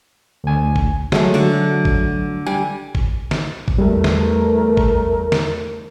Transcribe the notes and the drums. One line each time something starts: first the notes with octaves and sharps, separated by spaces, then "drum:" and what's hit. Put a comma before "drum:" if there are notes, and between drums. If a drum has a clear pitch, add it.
D2 G#5
drum: kick G#1
F#3 G#3 A3, drum: snare
D3 F#4
drum: kick G#1
G3 G#5
drum: kick G#1
drum: snare
drum: kick G#1
E2 G3 A3 A#4
drum: snare
drum: kick G#1
drum: snare